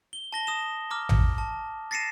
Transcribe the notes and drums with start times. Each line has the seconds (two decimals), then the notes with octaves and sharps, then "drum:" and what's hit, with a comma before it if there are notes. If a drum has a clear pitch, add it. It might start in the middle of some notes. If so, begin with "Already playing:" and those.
0.13 G7
0.33 A5 A#6 G7
0.47 D#6 A#6 E7
0.90 A#5 D6 F6
1.09 drum: tom A1
1.38 A5
1.91 A6 A#6 C7 C#7 D#7 E7